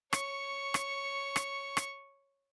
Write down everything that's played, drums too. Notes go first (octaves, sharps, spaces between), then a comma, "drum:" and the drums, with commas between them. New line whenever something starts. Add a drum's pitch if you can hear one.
C#5 C#6, drum: rim click
drum: rim click
drum: rim click
drum: rim click